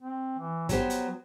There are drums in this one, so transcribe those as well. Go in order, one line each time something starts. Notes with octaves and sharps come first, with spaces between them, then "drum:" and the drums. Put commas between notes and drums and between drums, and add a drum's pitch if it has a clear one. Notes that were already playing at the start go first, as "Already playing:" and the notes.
C4
E3
F#3 B3 G4 C5, drum: kick, hi-hat
drum: hi-hat